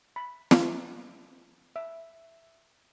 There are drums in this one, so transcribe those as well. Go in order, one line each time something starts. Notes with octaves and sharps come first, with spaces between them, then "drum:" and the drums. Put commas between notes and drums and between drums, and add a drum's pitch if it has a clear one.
B5
drum: snare
E5